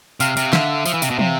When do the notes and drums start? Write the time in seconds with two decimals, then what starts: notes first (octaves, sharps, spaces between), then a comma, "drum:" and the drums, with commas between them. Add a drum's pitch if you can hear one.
0.20 C3 F5, drum: tambourine
0.37 C3, drum: tambourine
0.53 D3 E5, drum: snare
0.85 F3, drum: tambourine
0.94 E3
1.02 C3, drum: tambourine
1.10 B2
1.19 C3, drum: tom